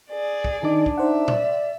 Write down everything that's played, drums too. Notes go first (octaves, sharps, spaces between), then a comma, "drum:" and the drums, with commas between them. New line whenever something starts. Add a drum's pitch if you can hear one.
G#4 D5
drum: kick
D#3 D4 D#4 D6
drum: kick
D#4 C5 E5 F#5
D5, drum: tom A#2